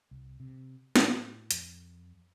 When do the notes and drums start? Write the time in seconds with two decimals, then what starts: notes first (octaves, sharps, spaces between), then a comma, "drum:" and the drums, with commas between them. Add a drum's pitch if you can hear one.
0.11 C2
0.40 C3
0.96 A2, drum: snare
1.51 F2, drum: hi-hat